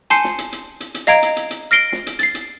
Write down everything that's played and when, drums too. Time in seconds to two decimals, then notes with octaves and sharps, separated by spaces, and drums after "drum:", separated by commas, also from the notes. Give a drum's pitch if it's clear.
0.10 G#5 A5 C6 G6 C7 C#7, drum: hi-hat
0.24 drum: snare
0.38 drum: hi-hat
0.52 drum: hi-hat
0.80 drum: hi-hat
0.94 drum: hi-hat
1.07 D#5 F5 A#5 G#6 D7, drum: hi-hat
1.22 drum: hi-hat
1.36 drum: hi-hat
1.50 drum: hi-hat
1.71 F6 A#6 C7 D7 G7
1.92 drum: snare
2.06 drum: hi-hat
2.19 A6 C7, drum: hi-hat
2.35 drum: hi-hat